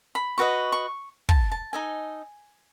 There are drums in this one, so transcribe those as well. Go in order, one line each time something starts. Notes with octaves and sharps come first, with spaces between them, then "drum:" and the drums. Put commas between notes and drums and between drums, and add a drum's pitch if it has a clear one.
B5
F#4 B4 D#5 C#6
C#6
A5, drum: kick
A5
D#4 A4 D#5 G#5